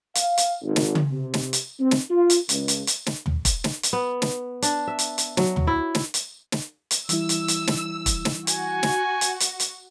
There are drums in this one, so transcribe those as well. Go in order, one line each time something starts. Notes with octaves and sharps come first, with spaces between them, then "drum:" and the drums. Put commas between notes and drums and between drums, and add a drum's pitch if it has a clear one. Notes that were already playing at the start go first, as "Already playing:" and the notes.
F5, drum: hi-hat
drum: hi-hat
G#1
drum: snare
drum: tom C#3
C3
drum: snare
drum: hi-hat
C4
drum: snare
F4
drum: hi-hat
C#2, drum: hi-hat
drum: hi-hat
drum: hi-hat
drum: snare
drum: tom
drum: kick E1, hi-hat
drum: snare
drum: hi-hat
B3
drum: snare
D4, drum: hi-hat
E5
drum: hi-hat
drum: hi-hat
F#3, drum: snare
drum: tom
E4
drum: snare
drum: hi-hat
drum: snare
drum: hi-hat
E3 G3 E4 E6, drum: hi-hat
drum: hi-hat
drum: hi-hat
drum: snare
drum: kick E1, hi-hat
drum: snare
F#4 G#5, drum: hi-hat
drum: snare
drum: hi-hat
drum: hi-hat
drum: hi-hat